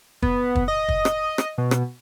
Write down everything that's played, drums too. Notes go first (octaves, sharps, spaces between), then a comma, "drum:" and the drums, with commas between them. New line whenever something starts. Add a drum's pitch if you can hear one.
B3, drum: kick
drum: kick
D#5
drum: kick
drum: rim click
drum: rim click
B2
drum: rim click